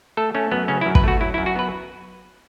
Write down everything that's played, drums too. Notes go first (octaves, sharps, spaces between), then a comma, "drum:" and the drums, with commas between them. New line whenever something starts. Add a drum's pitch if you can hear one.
A3 A4
A3 C#4
F#2 B3
C#3 C#4
E4
F#2
B4, drum: kick
A3 F#4
F#3 E4
F#2 E4
F#4
B3 B4